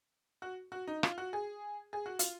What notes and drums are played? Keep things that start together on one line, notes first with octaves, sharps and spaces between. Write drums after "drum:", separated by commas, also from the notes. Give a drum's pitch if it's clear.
F#4
F#4
D#4
F4, drum: rim click
F#4
G#4
G#4
F#4
F4, drum: hi-hat